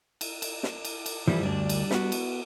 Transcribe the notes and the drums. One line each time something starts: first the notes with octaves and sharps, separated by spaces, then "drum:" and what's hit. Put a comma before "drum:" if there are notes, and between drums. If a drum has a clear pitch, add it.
drum: cymbal
drum: cymbal
drum: snare
drum: cymbal
drum: cymbal
E3 F3 G3 E4, drum: tom
D2 G3 D4
drum: cymbal
B3 F#4, drum: snare
drum: cymbal